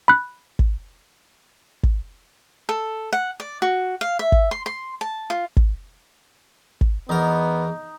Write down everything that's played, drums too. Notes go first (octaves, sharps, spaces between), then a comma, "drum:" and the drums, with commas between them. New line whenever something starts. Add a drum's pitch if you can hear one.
B5 F#6
drum: kick
drum: kick
A4
F#5
D5
F#4
F5
E5
drum: kick
C6
C6
A5
F4
drum: kick
drum: kick
E2 B3 D#4 A#4